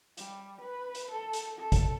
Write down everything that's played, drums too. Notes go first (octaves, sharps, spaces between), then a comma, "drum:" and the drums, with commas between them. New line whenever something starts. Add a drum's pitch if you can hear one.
G3, drum: hi-hat
B4
drum: hi-hat
A4
drum: hi-hat
A4
drum: kick, hi-hat